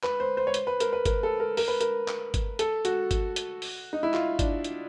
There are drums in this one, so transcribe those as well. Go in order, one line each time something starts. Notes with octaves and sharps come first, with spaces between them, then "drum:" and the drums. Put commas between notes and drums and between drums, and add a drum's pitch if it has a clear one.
B4, drum: clap
C5
C5
C#5
C5, drum: hi-hat
B4
A#4, drum: hi-hat
B4
A#4, drum: kick G1, hi-hat
A4
A#4
A#4, drum: open hi-hat
B4
A#4, drum: hi-hat
drum: clap
drum: kick G1, hi-hat
A4, drum: hi-hat
F#4, drum: hi-hat
drum: kick G1, hi-hat
drum: hi-hat
drum: open hi-hat
D#4
E4
F4, drum: clap
D4, drum: kick G1, hi-hat
drum: hi-hat